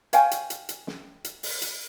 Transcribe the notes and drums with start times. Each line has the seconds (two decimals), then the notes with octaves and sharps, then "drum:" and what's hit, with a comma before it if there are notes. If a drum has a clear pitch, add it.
0.13 C#5 F5 G5 G#5, drum: hi-hat
0.31 drum: hi-hat
0.50 drum: hi-hat
0.69 drum: hi-hat
0.87 drum: snare
1.24 drum: hi-hat
1.43 drum: open hi-hat
1.62 drum: hi-hat